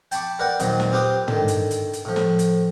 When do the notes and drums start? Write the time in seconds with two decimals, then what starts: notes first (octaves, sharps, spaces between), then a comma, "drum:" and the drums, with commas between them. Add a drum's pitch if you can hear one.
0.11 G5 A5 B5 C#6 D6, drum: hi-hat
0.39 A#4 B4 D5 F#5 G5
0.59 D#2 A#2 D#3 F#3 C4, drum: hi-hat
0.80 drum: snare
0.92 C4 F4 G4 B4 D6 D#6
1.28 D3 D#3, drum: tom
1.48 drum: hi-hat
1.71 drum: hi-hat
1.93 drum: hi-hat
2.05 A2 F3
2.16 drum: snare
2.39 drum: hi-hat